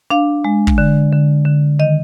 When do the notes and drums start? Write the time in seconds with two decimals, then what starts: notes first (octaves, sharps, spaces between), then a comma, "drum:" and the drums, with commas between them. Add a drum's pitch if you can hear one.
0.10 D4 F5
0.45 G#3
0.67 drum: kick
0.78 D3
1.12 D3
1.45 D3
1.79 D#3 D#5